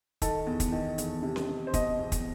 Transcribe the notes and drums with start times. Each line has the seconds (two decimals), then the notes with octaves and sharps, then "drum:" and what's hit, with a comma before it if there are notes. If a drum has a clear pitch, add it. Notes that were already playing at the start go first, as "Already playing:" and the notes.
0.22 D#3 A4, drum: kick, hi-hat
0.47 E2
0.60 drum: kick, hi-hat
0.72 D#3
0.98 E2, drum: hi-hat
1.22 C3
1.36 drum: snare C#4
1.49 C3
1.67 C5
1.74 B2 D#5, drum: kick, hi-hat
1.99 E2
2.12 drum: kick, hi-hat